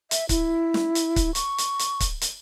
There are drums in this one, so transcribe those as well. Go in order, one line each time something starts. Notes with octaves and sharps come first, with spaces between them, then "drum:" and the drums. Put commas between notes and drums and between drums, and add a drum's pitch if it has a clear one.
E5, drum: hi-hat
E4, drum: kick C#1, hi-hat
drum: snare
drum: hi-hat
drum: kick C#1, hi-hat
C#6, drum: hi-hat
drum: hi-hat
drum: hi-hat
drum: kick C#1, hi-hat
drum: hi-hat